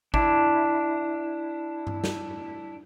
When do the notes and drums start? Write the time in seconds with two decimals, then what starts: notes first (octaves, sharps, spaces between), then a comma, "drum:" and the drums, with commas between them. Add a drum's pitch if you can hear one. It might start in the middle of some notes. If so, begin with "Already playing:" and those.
0.14 D4 E4, drum: kick G#1
1.87 drum: tom G2
2.04 drum: snare